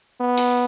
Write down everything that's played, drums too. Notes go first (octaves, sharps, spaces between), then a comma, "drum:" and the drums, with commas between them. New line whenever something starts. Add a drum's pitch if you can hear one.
B3
drum: hi-hat